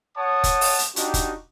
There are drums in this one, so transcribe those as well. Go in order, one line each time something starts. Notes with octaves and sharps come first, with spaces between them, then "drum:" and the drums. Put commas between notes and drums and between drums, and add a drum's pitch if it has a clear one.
C#5 F#5 A5 D#6
drum: kick F1, hi-hat
drum: open hi-hat
drum: hi-hat
D4 D#4 F#4 G4, drum: hi-hat
drum: kick F1, hi-hat